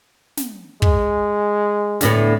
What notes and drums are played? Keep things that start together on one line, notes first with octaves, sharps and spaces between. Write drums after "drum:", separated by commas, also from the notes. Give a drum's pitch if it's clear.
drum: snare
G#3, drum: kick
D2 A2 B3, drum: snare